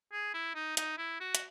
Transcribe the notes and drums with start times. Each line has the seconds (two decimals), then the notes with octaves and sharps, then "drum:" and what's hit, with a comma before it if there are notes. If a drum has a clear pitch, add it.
0.12 G#4
0.34 E4
0.55 D#4
0.77 D#4, drum: hi-hat
0.98 E4
1.20 F#4
1.35 drum: hi-hat